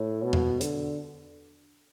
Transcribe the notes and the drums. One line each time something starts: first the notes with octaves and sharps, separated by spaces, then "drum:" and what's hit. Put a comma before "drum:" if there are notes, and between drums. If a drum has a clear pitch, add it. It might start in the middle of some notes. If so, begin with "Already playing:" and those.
Already playing: A2
B2
drum: tom E2
D3, drum: hi-hat